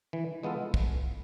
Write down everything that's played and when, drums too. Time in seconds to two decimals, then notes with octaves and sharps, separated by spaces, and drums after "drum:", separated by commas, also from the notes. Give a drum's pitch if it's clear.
0.13 E3
0.43 G#3 B3 F4 A4
0.74 drum: kick